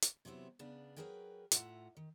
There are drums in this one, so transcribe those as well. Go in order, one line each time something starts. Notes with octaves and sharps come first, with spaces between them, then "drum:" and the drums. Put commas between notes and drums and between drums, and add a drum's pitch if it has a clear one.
drum: hi-hat
C3 F#3 B3 C4 E4
C#3 B3 D4
F#3 G#3 G#4 A#4 B4 G5
A2 F4 E5 F#5 A#5, drum: hi-hat
D#3